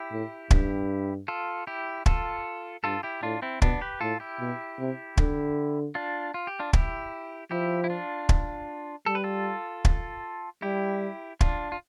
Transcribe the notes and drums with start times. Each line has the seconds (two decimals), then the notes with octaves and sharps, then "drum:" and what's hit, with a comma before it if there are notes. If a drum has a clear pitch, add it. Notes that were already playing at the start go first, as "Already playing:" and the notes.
Already playing: E4 G4
0.11 A2
0.51 G2, drum: kick
1.28 F4 A4
1.67 E4 G4
2.06 F4 A4, drum: kick
2.84 G2 F4 A4
3.03 E4 G4
3.23 A2 D4 F4
3.42 C4 E4
3.62 B2 B3 D4, drum: kick
3.81 G4 B4
4.01 A2 F4 A4
4.20 E4 G4
4.40 B2
4.79 C3
5.17 D3, drum: kick
5.95 D4 F4
6.34 F4
6.47 G4
6.59 D4 F4
6.73 E4 G4, drum: kick
7.51 F3 E4 G4
7.84 E4
7.90 D4 F4
8.29 drum: kick
9.06 G3 A4
9.15 B4
9.24 F4 A4
9.85 drum: kick
10.62 G3 E4 G4
11.41 D4 F4, drum: kick
11.72 F4